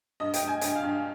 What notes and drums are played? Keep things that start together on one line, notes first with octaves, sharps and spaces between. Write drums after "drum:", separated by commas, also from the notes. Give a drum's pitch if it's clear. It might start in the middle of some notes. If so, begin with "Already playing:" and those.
G2 D#5
G5, drum: hi-hat
G2
G#5
G2 G5, drum: hi-hat
F5
G2
F5